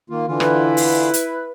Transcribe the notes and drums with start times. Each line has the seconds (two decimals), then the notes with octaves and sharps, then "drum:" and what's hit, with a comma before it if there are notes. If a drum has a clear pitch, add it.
0.10 D#3 A#3 F4
0.27 D3 E3 F4
0.40 E4 B4, drum: rim click
0.77 drum: open hi-hat
1.14 drum: hi-hat